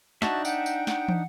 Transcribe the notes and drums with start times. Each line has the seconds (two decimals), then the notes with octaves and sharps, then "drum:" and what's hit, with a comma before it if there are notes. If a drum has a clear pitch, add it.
0.22 D4 D#4 F#4 E5 A5, drum: snare
0.45 F#5 G5, drum: tambourine
0.66 drum: tambourine
0.87 F#5, drum: snare
1.08 drum: tom